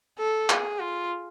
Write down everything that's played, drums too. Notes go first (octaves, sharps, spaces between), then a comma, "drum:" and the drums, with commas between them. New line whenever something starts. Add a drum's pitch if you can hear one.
A4
G#4, drum: clap
F4